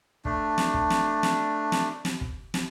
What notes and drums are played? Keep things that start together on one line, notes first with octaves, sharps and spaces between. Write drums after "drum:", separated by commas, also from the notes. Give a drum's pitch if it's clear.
A3 D4, drum: kick
drum: snare
drum: kick
drum: snare
drum: snare
drum: snare
drum: snare
drum: kick
drum: snare